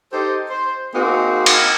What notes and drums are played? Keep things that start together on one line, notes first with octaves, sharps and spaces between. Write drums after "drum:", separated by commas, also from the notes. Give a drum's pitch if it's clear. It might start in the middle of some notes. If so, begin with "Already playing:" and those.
D#4 G4 A4 C5
C5
A#3 C4 D#4 F#4 G#4
drum: cymbal